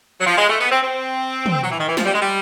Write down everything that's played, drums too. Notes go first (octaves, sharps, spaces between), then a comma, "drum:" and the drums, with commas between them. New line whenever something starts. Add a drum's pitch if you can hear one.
F#3
F3
G#3
A3
B3
C4
C4
drum: tom
F#3
E3
D#3
E3
F3, drum: snare
G3
G#3
G3